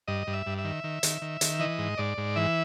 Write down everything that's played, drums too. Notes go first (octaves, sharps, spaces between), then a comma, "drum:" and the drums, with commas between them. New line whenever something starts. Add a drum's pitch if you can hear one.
G2 D#5
G2
E5
G2
E5
D#3
D#3
D#3, drum: hi-hat
D#3
D#3, drum: hi-hat
E3 D#5
G#2
G#2 D5
G#2
E3 E5